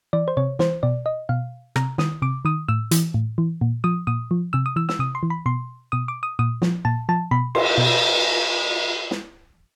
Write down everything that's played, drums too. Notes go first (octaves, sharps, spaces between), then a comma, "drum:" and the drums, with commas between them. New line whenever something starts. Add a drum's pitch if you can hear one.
E3 D5
C5
C3 C#5
E3 C5, drum: snare
B2 D5
D#5
B2 F5
C3 A#5, drum: rim click
D#3 D#6, drum: snare
C3 D6
D#3 D#6
A2 E6
E3, drum: hi-hat
A2
E3
A#2
F3 D#6
A#2 D#6
F3
C3 E6
D#6
E3 E6
E6, drum: snare
C3 D#6
C6
E3
B5
B2 C6
B2 D#6
D6
D#6
A#2 D#6
F3, drum: snare
A#2 A5
F3 A5
B2 B5
C6, drum: cymbal
B2
drum: snare